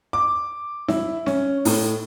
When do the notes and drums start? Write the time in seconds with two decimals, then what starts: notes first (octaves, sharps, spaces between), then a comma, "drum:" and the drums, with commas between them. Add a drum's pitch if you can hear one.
0.13 D6
0.88 E4, drum: snare C4
1.26 C#4, drum: snare C4
1.65 A2, drum: open hi-hat